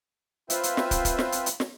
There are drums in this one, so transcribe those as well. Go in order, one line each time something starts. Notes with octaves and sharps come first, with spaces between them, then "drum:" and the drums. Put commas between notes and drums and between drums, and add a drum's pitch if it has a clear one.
C4 F4 B4 C5 E5, drum: hi-hat
drum: hi-hat
drum: snare
drum: kick, hi-hat
drum: kick, hi-hat
drum: snare
drum: hi-hat
drum: hi-hat
drum: snare